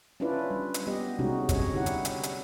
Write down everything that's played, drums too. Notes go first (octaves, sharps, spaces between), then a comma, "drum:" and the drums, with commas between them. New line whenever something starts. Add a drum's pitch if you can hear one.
C#4 D4 E4 F4 B4 D5
G3
drum: hi-hat
G3 B3 G4 D#5
C3 G#3 C#4 D#4 F#4
G3 C#5 D#5, drum: kick, hi-hat
D3 D#4 E4 G4 C#5 F#5
drum: hi-hat
drum: hi-hat
drum: hi-hat